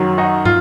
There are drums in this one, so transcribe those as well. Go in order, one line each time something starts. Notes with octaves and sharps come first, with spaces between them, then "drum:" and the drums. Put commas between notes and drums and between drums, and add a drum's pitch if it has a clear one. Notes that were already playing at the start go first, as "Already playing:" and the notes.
Already playing: F#2 D#3 F#3
D#4 F#4
F4, drum: tom